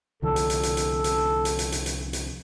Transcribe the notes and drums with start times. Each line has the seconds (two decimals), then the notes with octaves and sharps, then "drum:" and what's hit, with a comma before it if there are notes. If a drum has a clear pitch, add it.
0.22 C2 D3 F3 A4
0.36 drum: hi-hat
0.50 drum: hi-hat
0.63 drum: hi-hat
0.77 drum: hi-hat
1.04 drum: hi-hat
1.45 drum: hi-hat
1.59 drum: hi-hat
1.72 drum: hi-hat
1.86 drum: hi-hat
2.13 drum: hi-hat